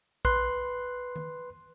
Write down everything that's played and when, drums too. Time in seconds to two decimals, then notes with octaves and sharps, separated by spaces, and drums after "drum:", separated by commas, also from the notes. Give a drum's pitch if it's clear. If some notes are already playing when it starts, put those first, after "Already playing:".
0.25 B4 C6 F#6, drum: kick
1.16 drum: tom D#3